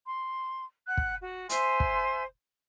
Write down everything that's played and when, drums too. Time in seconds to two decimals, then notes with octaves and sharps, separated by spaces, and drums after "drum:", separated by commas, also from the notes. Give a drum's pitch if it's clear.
0.06 C6
0.88 F#5 F#6
0.97 drum: kick
1.22 F#4
1.49 C5 E5 G#5 C6, drum: hi-hat
1.80 drum: kick